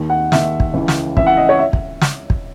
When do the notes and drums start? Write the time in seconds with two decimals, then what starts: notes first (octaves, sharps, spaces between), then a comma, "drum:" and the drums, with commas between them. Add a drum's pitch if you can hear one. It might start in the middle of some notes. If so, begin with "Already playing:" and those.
Already playing: D#2 D#3
0.10 F#5
0.32 D#2 D#3 E5, drum: snare
0.60 drum: kick
0.73 C#2 C#3 E3
0.88 drum: snare
1.17 C#2 C#3 E3 E5, drum: kick
1.26 F#5
1.37 D#5
1.49 C#5
1.59 E5
1.73 drum: kick
2.01 drum: snare
2.30 drum: kick